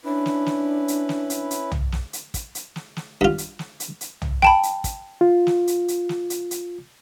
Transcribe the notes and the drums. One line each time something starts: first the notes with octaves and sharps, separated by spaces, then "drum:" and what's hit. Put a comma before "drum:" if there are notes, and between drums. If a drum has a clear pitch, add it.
C#4 D4 E4 B4
drum: snare
drum: snare
drum: hi-hat
drum: snare
drum: hi-hat
drum: hi-hat
drum: tom
drum: snare
drum: hi-hat
drum: kick, hi-hat
drum: hi-hat
drum: snare
drum: snare
G2 F4
drum: hi-hat
drum: snare
drum: hi-hat
drum: hi-hat
drum: tom
G5 A5 B5, drum: snare
drum: hi-hat
drum: kick, hi-hat
F4
drum: snare
drum: hi-hat
drum: hi-hat
drum: snare
drum: hi-hat
drum: hi-hat